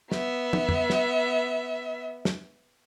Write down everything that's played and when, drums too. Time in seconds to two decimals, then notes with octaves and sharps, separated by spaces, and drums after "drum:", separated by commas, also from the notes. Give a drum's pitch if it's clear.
0.12 B3 E5, drum: snare
0.53 drum: tom
0.69 drum: tom E2
0.90 drum: snare
2.25 drum: snare